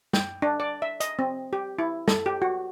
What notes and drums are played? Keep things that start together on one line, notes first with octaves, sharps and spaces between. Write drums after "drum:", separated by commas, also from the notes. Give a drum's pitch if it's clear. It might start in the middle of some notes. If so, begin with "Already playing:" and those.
G5, drum: snare
D4
D5
E5
D#5, drum: hi-hat
C4
G4
E4
A4, drum: snare
G4
F#4